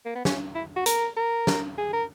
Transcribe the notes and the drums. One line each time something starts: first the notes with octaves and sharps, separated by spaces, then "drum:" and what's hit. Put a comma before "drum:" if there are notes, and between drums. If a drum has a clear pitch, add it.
A#3
B3
C#4, drum: snare
E4
F#4
A#4, drum: hi-hat
A#4
drum: snare
G#4
A#4